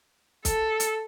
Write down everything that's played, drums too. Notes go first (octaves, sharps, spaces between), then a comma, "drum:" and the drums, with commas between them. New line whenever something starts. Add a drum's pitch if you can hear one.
A4, drum: kick, hi-hat
drum: hi-hat